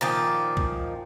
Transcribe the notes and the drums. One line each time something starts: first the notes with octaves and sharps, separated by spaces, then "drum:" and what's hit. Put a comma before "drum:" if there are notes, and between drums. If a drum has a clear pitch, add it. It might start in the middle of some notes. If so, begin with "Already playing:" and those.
A#2 D#3 F3 D5
drum: kick B1